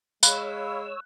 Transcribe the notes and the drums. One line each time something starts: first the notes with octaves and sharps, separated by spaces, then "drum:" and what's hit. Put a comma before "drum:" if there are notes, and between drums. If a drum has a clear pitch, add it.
G#3 C#5 F5 B5 E6 F#6, drum: tambourine